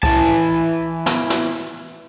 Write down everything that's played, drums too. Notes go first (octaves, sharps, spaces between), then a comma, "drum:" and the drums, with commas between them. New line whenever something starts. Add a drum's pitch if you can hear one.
E3 A5, drum: kick
drum: snare
drum: snare